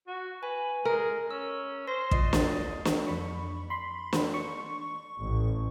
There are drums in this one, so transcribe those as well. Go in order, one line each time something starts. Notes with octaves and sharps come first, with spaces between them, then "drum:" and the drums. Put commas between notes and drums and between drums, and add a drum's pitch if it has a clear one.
F#4
B4 G#5
G#3 A#4
C#4 E6
C5 C6 A#6
F4 D5 D#5 C7, drum: kick
drum: snare
drum: snare
F2 B5 C#6
B5 C6
drum: snare
C#6
A1